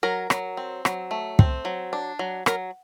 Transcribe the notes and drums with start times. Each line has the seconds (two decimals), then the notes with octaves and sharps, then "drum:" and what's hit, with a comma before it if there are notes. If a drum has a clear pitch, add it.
0.03 F#3 A#4
0.30 F#3, drum: rim click
0.57 C4
0.85 F#3, drum: rim click
1.11 A3
1.39 C4, drum: kick
1.65 F#3
1.93 D4
2.19 F#3
2.46 F#3 A#4, drum: rim click